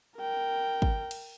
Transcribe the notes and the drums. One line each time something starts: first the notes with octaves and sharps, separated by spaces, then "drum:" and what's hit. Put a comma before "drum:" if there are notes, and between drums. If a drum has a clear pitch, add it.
A#4 G5
drum: kick
drum: cymbal